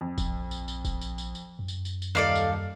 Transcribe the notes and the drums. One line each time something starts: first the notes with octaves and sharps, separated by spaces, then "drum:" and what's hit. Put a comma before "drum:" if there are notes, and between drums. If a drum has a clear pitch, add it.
F2
drum: kick E1, tambourine
A#1
drum: tambourine
drum: tambourine
drum: kick E1, tambourine
drum: tambourine
drum: tambourine
drum: tambourine
F#2
drum: tambourine
drum: tambourine
drum: tambourine
D#1 D#4 A4 D5 F5 F6
drum: tambourine